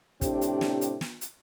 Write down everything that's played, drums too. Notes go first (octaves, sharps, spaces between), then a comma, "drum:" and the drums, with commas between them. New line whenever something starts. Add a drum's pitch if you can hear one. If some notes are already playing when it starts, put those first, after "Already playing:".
A2 C3 C4 D4 G4, drum: kick, hi-hat
drum: hi-hat
drum: snare
drum: hi-hat
drum: snare
drum: hi-hat